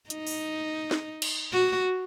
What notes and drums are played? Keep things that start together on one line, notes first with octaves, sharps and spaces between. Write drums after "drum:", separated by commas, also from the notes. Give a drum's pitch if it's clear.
D#4, drum: hi-hat
drum: open hi-hat
drum: snare
drum: cymbal
F#4